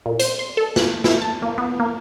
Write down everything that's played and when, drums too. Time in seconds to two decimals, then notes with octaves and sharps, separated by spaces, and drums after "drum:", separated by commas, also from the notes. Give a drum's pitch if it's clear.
0.06 A#2
0.19 C5, drum: hi-hat
0.39 C6
0.57 A4
0.76 F#6, drum: snare
1.04 E4, drum: snare
1.22 A5
1.42 A#3
1.58 B3
1.80 A#3